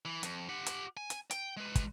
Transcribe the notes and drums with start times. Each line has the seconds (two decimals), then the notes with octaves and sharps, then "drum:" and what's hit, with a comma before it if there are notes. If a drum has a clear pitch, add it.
0.05 E3
0.23 F2, drum: hi-hat
0.49 G4 F#5
0.66 drum: hi-hat
0.97 G#5
1.10 drum: hi-hat
1.31 G5, drum: hi-hat
1.57 G#3 B4
1.75 drum: kick, hi-hat